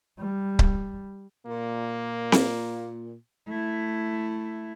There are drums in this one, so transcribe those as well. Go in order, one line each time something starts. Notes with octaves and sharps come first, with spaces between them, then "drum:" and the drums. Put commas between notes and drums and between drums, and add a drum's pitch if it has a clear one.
G3
drum: kick C#1
A#2 A#3
drum: snare C4
A3 E4